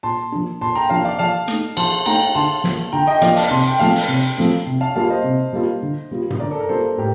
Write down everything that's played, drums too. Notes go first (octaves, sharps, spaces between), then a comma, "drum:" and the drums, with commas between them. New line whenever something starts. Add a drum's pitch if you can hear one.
A#2 A5 C6
F3 A#3 D4
A#2 A5 C6
G5 A#5
F3 A#3 D4 F5 A5
D5 F5
F3 F5 A5
A3, drum: hi-hat
D#4
F3 A5 C6, drum: cymbal
A3 D#4 G5 A#5, drum: cymbal
D3 A5 C6
F3 A#3, drum: snare
D3 G5 A#5
D#5 G5
F3 A#3 D5 F5, drum: hi-hat
F5 A5, drum: open hi-hat
C3 A5 C6
G5
F3 A3 C4 F5 A5
drum: open hi-hat
C3
F3 A3 C4
C3
F5 A5
G3 A#3 F4 F5 A5
C5 D#5
C3
G3 A#3 F4
D3
G3 A#3 F4
drum: tom G2
D3 A#4 D5
A4
A#4
G3 A#3 F4 A4 C5
A2 G4 A#4